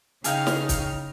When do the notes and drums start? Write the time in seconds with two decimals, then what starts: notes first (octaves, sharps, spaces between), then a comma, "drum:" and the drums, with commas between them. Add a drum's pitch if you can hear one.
0.24 C#3 D#4 G#4 F5 G5 F6, drum: hi-hat
0.47 drum: snare
0.69 drum: kick, hi-hat